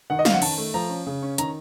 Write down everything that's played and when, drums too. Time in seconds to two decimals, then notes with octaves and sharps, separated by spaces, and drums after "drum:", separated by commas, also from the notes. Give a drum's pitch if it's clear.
0.10 D#3 F#5
0.19 D#5
0.25 C#4 F5, drum: snare
0.34 F#5
0.42 D#3 A5, drum: cymbal
0.58 A3
0.74 F3 A#5
0.89 C#4
1.06 C#3
1.22 C#4
1.38 D#3 A#5, drum: hi-hat